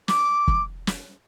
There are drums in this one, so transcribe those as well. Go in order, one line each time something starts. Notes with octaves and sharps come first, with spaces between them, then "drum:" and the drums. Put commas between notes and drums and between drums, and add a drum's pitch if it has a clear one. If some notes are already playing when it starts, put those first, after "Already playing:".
D6, drum: snare
drum: kick
drum: snare